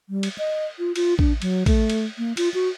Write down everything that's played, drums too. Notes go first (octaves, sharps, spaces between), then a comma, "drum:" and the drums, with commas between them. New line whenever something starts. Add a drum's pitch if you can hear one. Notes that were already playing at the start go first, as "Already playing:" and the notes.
G3
drum: cymbal
D#5
F4
F4, drum: cymbal
D4, drum: kick
F#3, drum: cymbal
A3, drum: kick, cymbal
drum: cymbal
A#3
F4, drum: cymbal
F#4